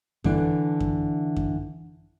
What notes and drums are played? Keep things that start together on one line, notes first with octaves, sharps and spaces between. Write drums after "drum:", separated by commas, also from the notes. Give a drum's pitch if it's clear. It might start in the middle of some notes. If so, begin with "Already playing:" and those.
D3 E3 D4, drum: kick F#2
drum: kick F#2
drum: kick F#2